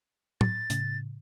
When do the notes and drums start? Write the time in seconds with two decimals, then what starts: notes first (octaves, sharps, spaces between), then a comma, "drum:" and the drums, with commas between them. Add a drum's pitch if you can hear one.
0.41 A6, drum: tom
0.70 A2 C#3, drum: hi-hat